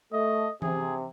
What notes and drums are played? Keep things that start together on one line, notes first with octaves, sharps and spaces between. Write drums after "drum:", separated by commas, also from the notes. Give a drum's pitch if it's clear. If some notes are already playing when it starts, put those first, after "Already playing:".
A3 D#5
C3 G#4, drum: tom E3